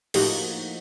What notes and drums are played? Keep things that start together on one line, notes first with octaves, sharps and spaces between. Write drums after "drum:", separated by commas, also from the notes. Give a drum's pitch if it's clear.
A2 F3 A#3 D#4 F#4 G4, drum: cymbal